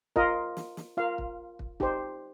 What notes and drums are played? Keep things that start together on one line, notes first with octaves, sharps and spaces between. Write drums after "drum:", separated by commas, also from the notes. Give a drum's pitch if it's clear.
F4 A#4 D#5, drum: kick
drum: snare
drum: snare
F4 A#4 F5
drum: kick
drum: kick
D#4 G4 C5, drum: kick